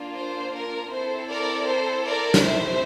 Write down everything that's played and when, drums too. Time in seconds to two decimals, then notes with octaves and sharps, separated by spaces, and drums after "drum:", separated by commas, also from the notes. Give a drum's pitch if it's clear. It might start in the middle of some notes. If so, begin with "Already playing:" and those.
Already playing: A#3 D4 F4
0.17 C5
0.55 A#4
0.92 C4 E4 A4 C5
1.30 A#4 D5
1.68 C5
2.06 A#4 D5
2.34 drum: snare
2.43 A3 C4 E4 G4 C5 E5